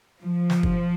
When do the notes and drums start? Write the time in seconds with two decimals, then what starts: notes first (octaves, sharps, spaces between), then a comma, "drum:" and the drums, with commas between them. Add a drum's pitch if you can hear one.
0.22 F3
0.50 drum: snare
0.63 drum: kick